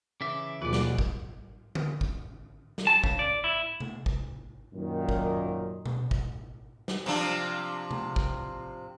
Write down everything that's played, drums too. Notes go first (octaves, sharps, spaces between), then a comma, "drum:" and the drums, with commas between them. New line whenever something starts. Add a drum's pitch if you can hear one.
C#3 E3 E5 D6
D#2 B2 F3 G#4 B4 D5 D6
drum: snare
drum: kick G#1
drum: tom D3
drum: kick G#1
drum: snare
A5
C#3, drum: kick G#1
D5
E4
drum: tom C3
drum: kick G#1
F#2 A#2 D#3
drum: kick G#1
drum: tom B2
drum: kick G#1
drum: snare
C3 F3 D4
drum: tom C3
drum: kick G#1